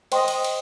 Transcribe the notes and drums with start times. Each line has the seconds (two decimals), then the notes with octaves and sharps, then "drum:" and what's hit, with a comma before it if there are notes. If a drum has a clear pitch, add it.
0.12 C5 D#5 G5 C6, drum: cymbal
0.28 drum: cymbal
0.44 drum: cymbal